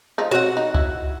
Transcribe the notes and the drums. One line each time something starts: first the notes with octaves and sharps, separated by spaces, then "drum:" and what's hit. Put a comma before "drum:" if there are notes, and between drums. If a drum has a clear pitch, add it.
F3 G#3 D#4
C4 F#4 C#5 F#5
D#4
E4, drum: kick C#2